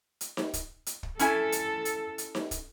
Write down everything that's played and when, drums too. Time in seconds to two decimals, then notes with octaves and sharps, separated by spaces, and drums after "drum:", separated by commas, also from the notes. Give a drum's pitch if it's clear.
0.21 drum: hi-hat
0.37 drum: snare D#4
0.54 drum: kick, hi-hat
0.86 drum: hi-hat
1.03 drum: kick
1.19 C#4 E4 A4 G#5, drum: hi-hat
1.52 drum: hi-hat
1.85 drum: hi-hat
2.18 drum: hi-hat
2.35 drum: snare D#4
2.51 drum: kick, hi-hat